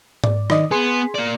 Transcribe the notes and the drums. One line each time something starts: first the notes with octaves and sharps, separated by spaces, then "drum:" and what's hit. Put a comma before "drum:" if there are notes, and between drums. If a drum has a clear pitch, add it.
D5, drum: tom G#2
D#3 D5 D#5, drum: rim click
B3 G#4 G#5 C6
A#3 D5